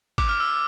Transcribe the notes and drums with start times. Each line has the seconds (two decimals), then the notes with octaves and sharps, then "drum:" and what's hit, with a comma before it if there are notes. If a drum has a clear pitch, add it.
0.18 D6, drum: kick, cymbal
0.29 F6
0.40 E6